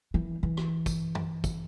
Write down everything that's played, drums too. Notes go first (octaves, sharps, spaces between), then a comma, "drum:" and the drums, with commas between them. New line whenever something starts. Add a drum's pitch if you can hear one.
E3
E3
drum: rim click
drum: kick, tambourine
drum: tom
drum: kick, tambourine